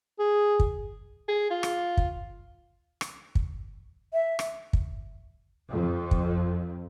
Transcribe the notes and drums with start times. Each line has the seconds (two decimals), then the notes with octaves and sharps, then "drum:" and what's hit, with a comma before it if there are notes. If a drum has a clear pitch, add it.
0.19 G#4
0.60 drum: kick
1.28 G#4
1.51 F4
1.63 drum: rim click
1.97 drum: kick
3.01 drum: rim click
3.35 drum: kick
4.13 E5
4.39 drum: rim click
4.73 drum: kick
5.71 F2
6.11 drum: kick